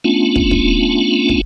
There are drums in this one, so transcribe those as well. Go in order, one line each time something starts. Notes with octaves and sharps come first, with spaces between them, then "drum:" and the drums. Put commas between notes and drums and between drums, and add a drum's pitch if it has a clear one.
A3 B3 C#4 D4 F4
drum: kick
drum: kick
drum: kick